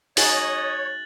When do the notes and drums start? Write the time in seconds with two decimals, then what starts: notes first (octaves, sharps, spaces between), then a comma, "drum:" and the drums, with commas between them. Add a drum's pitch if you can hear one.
0.17 D#4 F#4 G#4 C#5 D#5 F#6 A6 F#7, drum: open hi-hat